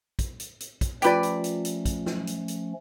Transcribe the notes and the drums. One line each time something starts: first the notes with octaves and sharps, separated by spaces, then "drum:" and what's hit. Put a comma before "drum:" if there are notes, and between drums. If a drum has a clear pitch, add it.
drum: kick, hi-hat
drum: hi-hat
drum: hi-hat
drum: kick, hi-hat
F3 A3 C#4 F4 G4 B4 D5 B6, drum: hi-hat
drum: hi-hat
drum: hi-hat
drum: hi-hat
drum: kick, hi-hat
drum: snare
drum: hi-hat
drum: hi-hat